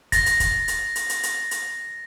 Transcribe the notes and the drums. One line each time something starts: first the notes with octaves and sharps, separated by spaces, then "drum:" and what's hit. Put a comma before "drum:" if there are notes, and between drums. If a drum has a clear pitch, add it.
A6 A#6, drum: kick, hi-hat
drum: hi-hat
drum: kick, hi-hat
drum: hi-hat
drum: hi-hat
drum: hi-hat
drum: hi-hat
drum: hi-hat